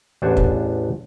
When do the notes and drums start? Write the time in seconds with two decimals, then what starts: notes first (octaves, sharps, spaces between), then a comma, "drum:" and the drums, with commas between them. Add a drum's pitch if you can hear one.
0.22 A1 E2 D4 C5 F#5 G#5
0.37 drum: kick